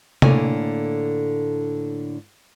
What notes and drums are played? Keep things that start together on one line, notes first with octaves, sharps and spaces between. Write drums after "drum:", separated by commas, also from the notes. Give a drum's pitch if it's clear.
A2 D3 A#3 G#5, drum: tom C3